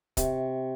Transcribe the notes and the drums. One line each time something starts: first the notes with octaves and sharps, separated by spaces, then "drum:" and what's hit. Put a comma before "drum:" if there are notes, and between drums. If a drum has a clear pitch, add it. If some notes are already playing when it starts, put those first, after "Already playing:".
C3 C#6, drum: kick, hi-hat